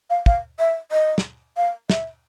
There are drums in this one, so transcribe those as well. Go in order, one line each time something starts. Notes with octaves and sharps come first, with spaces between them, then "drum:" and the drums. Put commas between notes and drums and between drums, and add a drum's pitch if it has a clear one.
F5
F5, drum: kick
E5
D#5
drum: snare
F5
E5, drum: snare